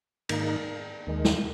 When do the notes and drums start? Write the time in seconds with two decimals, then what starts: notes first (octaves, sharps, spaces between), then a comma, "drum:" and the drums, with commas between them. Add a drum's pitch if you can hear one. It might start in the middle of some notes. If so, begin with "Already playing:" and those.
0.29 G#2 D#3 A#3 D#4, drum: cymbal
1.07 D#2 D#3 G#3
1.25 drum: snare